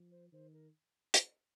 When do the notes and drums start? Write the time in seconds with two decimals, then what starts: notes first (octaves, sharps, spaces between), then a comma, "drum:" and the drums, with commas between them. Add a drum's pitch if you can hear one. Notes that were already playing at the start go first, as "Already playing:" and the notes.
Already playing: F3
0.11 C5
0.33 D#3 C5
0.53 A#4
1.14 drum: hi-hat